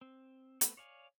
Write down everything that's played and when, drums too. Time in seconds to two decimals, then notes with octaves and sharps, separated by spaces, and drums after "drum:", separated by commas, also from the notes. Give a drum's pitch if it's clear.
0.01 C4
0.61 A3 B3 C4 A4 B4, drum: hi-hat
0.77 C#5 D5 F5 G#5